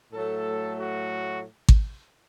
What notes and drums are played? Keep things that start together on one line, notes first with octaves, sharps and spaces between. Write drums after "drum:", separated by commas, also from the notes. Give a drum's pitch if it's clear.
A2 F#3 A3 A4
F#4
drum: kick G#1